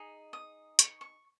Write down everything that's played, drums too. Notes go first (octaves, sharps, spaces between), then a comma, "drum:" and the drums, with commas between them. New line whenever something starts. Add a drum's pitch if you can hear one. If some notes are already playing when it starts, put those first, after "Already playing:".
Already playing: D#4 G#4
D#6
C#6, drum: hi-hat
C#6